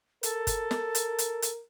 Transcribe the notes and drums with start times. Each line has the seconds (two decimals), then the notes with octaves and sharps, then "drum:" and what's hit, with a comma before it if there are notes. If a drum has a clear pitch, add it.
0.23 A4 A#4, drum: hi-hat
0.47 drum: kick G1, hi-hat
0.71 drum: snare
0.95 drum: hi-hat
1.18 drum: hi-hat
1.42 drum: hi-hat